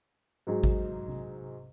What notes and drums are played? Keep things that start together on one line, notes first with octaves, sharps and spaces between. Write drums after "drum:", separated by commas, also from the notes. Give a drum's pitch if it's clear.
G#2 F#3 D#4 G#4
drum: kick G#1
drum: tom C3